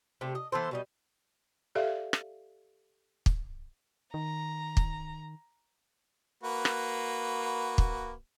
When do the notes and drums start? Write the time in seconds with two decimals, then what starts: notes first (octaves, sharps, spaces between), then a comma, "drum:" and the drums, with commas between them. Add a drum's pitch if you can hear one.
0.21 C3 A3 G4
0.35 D#5
0.52 E3 B3 A4 C5
0.71 B2 G3 D#4
1.75 G4 A4 D5 E5 F5
2.13 drum: rim click
3.26 drum: kick
4.14 D#3 A#5
4.77 drum: kick
6.43 A#3 F#4 B4
6.65 drum: rim click
7.78 drum: kick